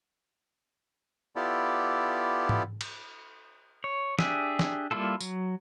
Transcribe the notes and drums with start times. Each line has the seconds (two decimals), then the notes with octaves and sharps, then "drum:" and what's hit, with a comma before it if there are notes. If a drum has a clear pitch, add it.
1.36 B3 E4 F4 G4 A4 D5
2.49 drum: tom G#2
2.81 drum: cymbal
3.84 C#5
4.19 D4 G4 G#4 E5, drum: snare
4.59 drum: snare
4.91 G3 A#3 E4 F4 A4
5.21 F#3, drum: tambourine